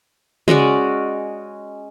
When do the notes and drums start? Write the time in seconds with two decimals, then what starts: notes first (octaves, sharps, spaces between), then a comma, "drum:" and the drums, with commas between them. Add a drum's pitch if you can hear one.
0.48 G#3 C#4 F#4 D5, drum: tom C#3